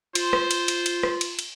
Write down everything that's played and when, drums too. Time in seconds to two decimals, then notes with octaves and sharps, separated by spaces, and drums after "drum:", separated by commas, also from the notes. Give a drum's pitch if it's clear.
0.15 F4 C5, drum: cymbal
0.33 drum: rim click
0.51 drum: cymbal
0.68 drum: cymbal
0.86 drum: cymbal
1.03 drum: rim click
1.21 drum: cymbal
1.39 drum: cymbal